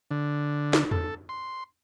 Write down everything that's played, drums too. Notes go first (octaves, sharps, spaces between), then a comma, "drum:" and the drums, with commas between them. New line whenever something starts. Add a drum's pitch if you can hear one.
D3
drum: snare
A4, drum: tom E2
C6